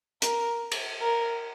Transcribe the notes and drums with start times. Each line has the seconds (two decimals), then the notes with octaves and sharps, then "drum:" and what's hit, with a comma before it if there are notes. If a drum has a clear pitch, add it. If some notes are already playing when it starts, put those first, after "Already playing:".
0.22 A#4, drum: hi-hat
0.72 drum: cymbal
1.01 A#4